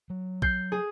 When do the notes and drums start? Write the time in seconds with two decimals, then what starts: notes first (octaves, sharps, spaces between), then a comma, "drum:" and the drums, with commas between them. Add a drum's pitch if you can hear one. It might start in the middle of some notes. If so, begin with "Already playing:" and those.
0.10 F#3
0.42 G6 C7, drum: kick
0.72 G#4